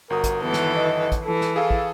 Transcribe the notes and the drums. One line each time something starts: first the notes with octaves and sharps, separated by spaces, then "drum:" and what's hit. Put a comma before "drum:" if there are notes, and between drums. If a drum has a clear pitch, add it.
G1 F#4 A#4 D#6
drum: kick, hi-hat
D#3 E3 B3 A4
drum: snare
D#5
drum: kick, hi-hat
E3 A4
drum: snare
G#4 A4 F5 A5
drum: kick